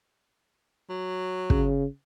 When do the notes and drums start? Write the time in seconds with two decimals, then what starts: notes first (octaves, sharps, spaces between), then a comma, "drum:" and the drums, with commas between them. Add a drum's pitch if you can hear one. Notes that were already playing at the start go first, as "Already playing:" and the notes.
0.89 F#3
1.50 C#3, drum: kick